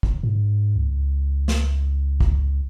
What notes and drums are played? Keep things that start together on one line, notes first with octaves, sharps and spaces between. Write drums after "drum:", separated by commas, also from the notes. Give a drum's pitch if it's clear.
drum: kick
G#2
C#2
drum: snare
drum: kick